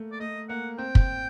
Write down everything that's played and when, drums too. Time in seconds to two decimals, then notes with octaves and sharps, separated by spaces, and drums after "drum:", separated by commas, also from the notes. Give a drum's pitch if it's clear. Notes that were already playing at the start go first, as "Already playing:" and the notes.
Already playing: A3 A#3
0.12 D5
0.20 A3 D#5
0.49 A#3 F#5
0.78 C4 G5
0.95 drum: kick